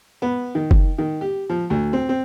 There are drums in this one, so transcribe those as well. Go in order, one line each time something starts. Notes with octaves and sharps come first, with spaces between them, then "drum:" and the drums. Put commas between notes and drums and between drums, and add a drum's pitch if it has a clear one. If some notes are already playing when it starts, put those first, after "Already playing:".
B3
D#3
drum: kick
D#3
G4
F3
D2
C4
C4